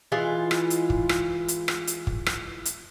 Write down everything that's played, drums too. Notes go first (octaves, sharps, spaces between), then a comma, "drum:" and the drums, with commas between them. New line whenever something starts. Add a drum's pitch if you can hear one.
E3 G#3 F4
drum: rim click
drum: hi-hat
drum: kick
drum: rim click
drum: hi-hat
drum: rim click
drum: hi-hat
drum: kick
drum: rim click
drum: hi-hat